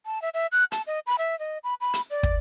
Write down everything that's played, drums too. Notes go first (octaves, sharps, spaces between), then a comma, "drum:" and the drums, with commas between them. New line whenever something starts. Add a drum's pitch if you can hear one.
A5
E5
E5
F#6
A5, drum: hi-hat
D#5
B5
E5
D#5
B5
B5
drum: hi-hat
D5
drum: kick